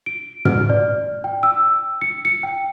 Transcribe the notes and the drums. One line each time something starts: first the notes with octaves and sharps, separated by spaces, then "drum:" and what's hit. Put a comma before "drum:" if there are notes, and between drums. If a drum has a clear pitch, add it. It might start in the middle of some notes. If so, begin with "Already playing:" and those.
D7
F6, drum: tom
D5
G5
E6
C#7
C#7
G5